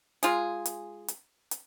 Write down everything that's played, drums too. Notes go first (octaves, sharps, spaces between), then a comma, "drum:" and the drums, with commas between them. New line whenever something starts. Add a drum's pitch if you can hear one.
G#3 F4 G#4, drum: hi-hat
drum: hi-hat
drum: hi-hat
drum: hi-hat